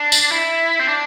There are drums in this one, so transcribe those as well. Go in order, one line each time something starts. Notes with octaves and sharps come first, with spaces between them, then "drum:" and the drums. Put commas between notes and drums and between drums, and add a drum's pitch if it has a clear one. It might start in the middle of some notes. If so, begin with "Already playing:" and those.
Already playing: D4
drum: tambourine
E4
C4
D4